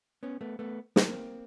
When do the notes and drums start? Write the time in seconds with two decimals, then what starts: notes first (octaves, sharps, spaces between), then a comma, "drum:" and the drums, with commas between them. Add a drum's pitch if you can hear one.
0.23 B3 C#4
0.41 A3 B3
0.59 A3 B3
0.96 A#3 C4, drum: snare